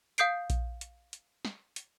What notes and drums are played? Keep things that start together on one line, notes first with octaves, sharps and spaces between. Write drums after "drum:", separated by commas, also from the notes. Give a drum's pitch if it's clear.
F5 D#6 G6 C7 D7, drum: hi-hat
drum: kick A#1, hi-hat
drum: hi-hat
drum: hi-hat
drum: snare
drum: hi-hat